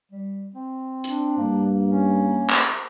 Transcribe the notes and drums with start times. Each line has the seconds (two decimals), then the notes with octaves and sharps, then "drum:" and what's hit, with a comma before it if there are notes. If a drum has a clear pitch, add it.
0.11 G3
0.55 C4
1.04 D4, drum: hi-hat
1.38 G2 A#3
1.88 C#4
2.50 drum: clap